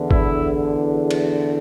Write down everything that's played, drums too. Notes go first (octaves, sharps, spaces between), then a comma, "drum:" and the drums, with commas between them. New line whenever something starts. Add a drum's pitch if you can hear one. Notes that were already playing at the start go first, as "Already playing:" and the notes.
Already playing: E2 D3
E4, drum: kick G#1
drum: cymbal